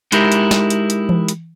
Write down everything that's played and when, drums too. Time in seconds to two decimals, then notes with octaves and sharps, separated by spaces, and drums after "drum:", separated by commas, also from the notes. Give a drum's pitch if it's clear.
0.12 G#3 D#4 E4 G4 A#4, drum: hi-hat
0.32 drum: hi-hat
0.51 drum: snare
0.70 drum: hi-hat
0.90 drum: hi-hat
1.09 drum: tom E3
1.29 drum: hi-hat